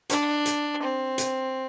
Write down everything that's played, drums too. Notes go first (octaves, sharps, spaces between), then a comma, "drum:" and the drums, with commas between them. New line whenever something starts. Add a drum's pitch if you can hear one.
D4, drum: hi-hat
drum: hi-hat
C4
drum: hi-hat